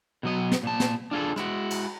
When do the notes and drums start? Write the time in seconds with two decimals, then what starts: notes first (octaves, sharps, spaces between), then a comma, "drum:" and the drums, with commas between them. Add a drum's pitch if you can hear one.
0.23 B2 F#3 D#5
0.52 drum: snare
0.63 A#2 A5
0.80 drum: snare
1.11 D4 F4 G#4 A4
1.36 G#3 E4 F#4, drum: rim click
1.70 drum: cymbal